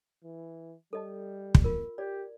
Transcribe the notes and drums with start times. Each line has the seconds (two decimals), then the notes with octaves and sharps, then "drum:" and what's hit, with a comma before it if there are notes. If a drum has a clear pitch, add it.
0.24 E3
0.93 G3 A4 D#5 A5
1.55 drum: kick
1.64 F4 A#4
1.98 G4 D5